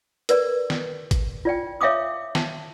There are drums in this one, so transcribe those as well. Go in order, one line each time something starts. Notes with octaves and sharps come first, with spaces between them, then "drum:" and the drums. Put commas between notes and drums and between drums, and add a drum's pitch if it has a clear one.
A#4 B4 D5, drum: hi-hat
drum: snare
drum: kick, hi-hat
F4 D5 G5
C#5 E5 F5 G5 D6 D#6
A5, drum: snare